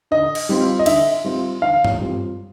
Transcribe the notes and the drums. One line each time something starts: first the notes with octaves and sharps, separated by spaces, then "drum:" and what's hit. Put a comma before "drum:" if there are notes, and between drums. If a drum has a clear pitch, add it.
D3 D#5
drum: cymbal
G3 C4 F4
D#5
D3 E5, drum: cymbal
G3 C4 F4
D3 F5
drum: tom G2
G3 C4 F4